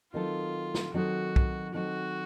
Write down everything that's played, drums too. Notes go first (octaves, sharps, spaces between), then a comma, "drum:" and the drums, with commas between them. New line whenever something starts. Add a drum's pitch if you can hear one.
D#3 F#3 C4 D#4 F4 A4
drum: snare
D#3 F#3 C4 D#4 F#4 A4
drum: kick B1
D#3 F#3 C4 D#4 F#4 A4